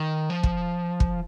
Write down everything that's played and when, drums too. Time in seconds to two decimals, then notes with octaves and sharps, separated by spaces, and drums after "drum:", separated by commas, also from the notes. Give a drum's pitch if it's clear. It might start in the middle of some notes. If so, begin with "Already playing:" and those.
Already playing: D#3
0.30 F3
0.43 drum: kick
1.00 drum: kick